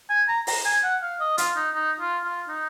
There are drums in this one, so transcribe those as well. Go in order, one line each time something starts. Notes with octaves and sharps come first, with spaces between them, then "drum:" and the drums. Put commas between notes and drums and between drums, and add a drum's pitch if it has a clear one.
G#5
A#5
A#5, drum: open hi-hat
G#5
F#5
F5
D#5
F4, drum: hi-hat
D#4
D#4
F4
F4
D#4